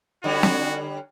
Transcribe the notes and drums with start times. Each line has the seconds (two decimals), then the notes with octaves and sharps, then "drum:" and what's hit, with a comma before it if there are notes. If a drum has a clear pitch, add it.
0.24 D3 G3 C#4 F#4
0.43 drum: snare